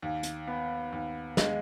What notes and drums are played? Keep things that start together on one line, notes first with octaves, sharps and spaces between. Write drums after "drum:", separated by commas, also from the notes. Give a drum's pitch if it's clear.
D#2
drum: hi-hat
B3
D#2
G#3, drum: snare